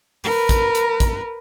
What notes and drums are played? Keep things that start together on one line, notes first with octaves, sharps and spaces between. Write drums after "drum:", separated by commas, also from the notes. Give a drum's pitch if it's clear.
A#4 B4, drum: open hi-hat
drum: kick, hi-hat
drum: hi-hat
drum: kick, hi-hat